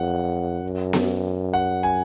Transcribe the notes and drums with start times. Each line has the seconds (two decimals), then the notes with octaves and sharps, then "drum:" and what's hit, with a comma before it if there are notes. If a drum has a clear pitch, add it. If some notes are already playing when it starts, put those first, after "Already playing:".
Already playing: F2 F#5
0.63 F#2
0.93 drum: snare B3
1.53 F#5
1.83 G#5